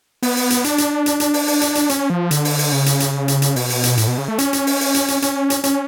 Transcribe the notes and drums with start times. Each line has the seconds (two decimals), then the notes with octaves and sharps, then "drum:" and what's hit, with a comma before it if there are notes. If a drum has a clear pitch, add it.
0.23 B3, drum: open hi-hat
0.37 drum: open hi-hat
0.50 drum: hi-hat
0.64 D4, drum: hi-hat
0.78 drum: hi-hat
1.06 drum: hi-hat
1.20 drum: hi-hat
1.34 drum: open hi-hat
1.48 drum: open hi-hat
1.61 drum: hi-hat
1.75 drum: hi-hat
1.89 C#4, drum: hi-hat
2.10 F3
2.31 D3, drum: hi-hat
2.45 drum: open hi-hat
2.59 drum: open hi-hat
2.72 C#3
2.86 drum: hi-hat
3.00 drum: hi-hat
3.28 drum: hi-hat
3.42 drum: hi-hat
3.56 B2, drum: open hi-hat
3.70 drum: open hi-hat
3.83 drum: hi-hat
3.97 A2, drum: hi-hat
4.08 B2
4.18 C#3
4.28 A3
4.38 C#4, drum: hi-hat
4.53 drum: hi-hat
4.67 drum: open hi-hat
4.81 drum: open hi-hat
4.94 drum: hi-hat
5.08 drum: hi-hat
5.22 C#4, drum: hi-hat
5.50 drum: hi-hat
5.64 C#4, drum: hi-hat